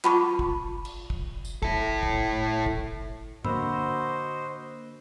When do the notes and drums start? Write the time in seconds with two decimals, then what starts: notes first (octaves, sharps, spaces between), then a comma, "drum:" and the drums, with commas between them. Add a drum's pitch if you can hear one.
0.04 F4 F#5 A5 B5 C#6 D6, drum: clap
0.39 drum: kick
0.85 drum: cymbal
1.10 drum: kick
1.45 drum: tambourine
1.62 E4 A4, drum: kick
2.03 drum: kick
2.66 drum: kick
3.44 D3 A#3 F#4 C5 D#5 F#5 B5 E6, drum: tom